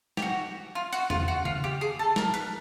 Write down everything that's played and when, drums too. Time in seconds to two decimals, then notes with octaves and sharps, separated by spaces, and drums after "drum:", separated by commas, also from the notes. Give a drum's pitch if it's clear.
0.17 G4, drum: snare
0.22 F#4
0.75 F4
0.93 F#4, drum: hi-hat
1.10 F4, drum: tom E2
1.28 F#4
1.45 F4, drum: tom C#3
1.64 G4
1.81 G#4
1.99 A4
2.16 A#4, drum: snare
2.34 B4, drum: hi-hat